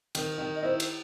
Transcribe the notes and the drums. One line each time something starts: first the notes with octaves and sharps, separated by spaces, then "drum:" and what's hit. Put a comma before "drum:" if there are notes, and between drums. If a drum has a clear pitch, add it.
D#3, drum: cymbal
D#3
D#5
E4 C5
drum: cymbal